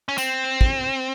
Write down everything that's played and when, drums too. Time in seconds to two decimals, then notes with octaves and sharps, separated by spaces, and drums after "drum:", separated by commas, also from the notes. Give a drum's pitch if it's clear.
0.09 C#4
0.18 C4, drum: tambourine
0.61 drum: kick